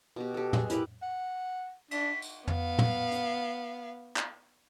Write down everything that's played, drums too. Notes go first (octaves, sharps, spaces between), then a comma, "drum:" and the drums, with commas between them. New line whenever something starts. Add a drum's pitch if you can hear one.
B2 G4
G4 A4
G#3, drum: tom
E4 G4 A#4 B4, drum: hi-hat
F#5
D4 B6, drum: cymbal
drum: tambourine
B3 F5, drum: tom
drum: tom
drum: hi-hat
drum: clap